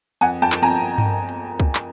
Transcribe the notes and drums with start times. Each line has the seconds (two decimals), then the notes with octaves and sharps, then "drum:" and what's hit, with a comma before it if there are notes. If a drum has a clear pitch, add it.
0.21 F2 F#5 G#5
0.42 F2 G5 A5
0.52 drum: clap
0.62 F2 G#5 A#5
0.98 drum: tom G2
1.29 drum: hi-hat
1.60 drum: kick C#2, hi-hat
1.75 drum: clap